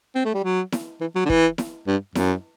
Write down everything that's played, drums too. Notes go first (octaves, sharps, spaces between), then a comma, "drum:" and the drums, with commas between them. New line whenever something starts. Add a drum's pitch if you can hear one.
C4
A3
G3
F#3
drum: snare E4
E3
F#3
D3
E3, drum: kick
drum: snare E4
G2
F#2, drum: snare E4